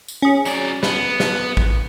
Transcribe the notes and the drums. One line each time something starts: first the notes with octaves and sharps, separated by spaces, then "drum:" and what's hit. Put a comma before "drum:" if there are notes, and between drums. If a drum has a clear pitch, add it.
drum: tambourine
C#4 G#4
F#3 D5, drum: tambourine
B3, drum: snare
drum: snare
drum: kick